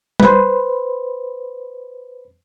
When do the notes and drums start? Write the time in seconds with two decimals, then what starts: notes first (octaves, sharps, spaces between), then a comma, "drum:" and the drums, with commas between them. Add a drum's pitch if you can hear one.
0.20 B4 C5, drum: tom G3